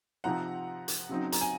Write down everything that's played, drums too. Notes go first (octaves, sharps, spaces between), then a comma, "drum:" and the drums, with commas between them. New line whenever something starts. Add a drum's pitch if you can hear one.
C3 F3 C4 D#4 F#5 A#5
drum: hi-hat
C#3 F#3 C4 D#4
A#5, drum: hi-hat
G#5